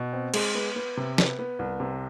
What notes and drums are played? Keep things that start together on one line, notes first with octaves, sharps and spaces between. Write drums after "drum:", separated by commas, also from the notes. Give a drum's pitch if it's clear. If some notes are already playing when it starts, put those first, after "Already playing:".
Already playing: B2
C4
G#3, drum: cymbal
B3
B3
C3
B3, drum: snare
B3
C2
C3